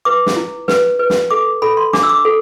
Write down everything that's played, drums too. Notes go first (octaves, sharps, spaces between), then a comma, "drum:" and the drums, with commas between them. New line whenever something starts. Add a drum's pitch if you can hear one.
B4 D6
drum: snare
E4
B4, drum: snare
B4
drum: snare
A4 D6
A4 B5
C6
D4 D6, drum: snare
E6
D6
A4